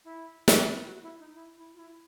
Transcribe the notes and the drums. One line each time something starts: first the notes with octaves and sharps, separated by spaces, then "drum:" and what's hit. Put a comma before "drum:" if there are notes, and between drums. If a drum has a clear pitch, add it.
E4
drum: snare
E4
F#4
E4
D#4
E4
E4
F4
E4